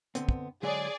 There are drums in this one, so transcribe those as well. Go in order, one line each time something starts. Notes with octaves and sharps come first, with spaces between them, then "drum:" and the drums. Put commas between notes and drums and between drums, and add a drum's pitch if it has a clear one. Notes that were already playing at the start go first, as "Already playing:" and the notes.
D3 B3 C4, drum: hi-hat
drum: kick
D3 F#3 G#3 G#4 D5